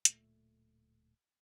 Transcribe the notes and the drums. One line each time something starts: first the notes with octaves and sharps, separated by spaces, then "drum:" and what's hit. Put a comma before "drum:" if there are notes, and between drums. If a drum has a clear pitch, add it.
D1 A#2 A3, drum: hi-hat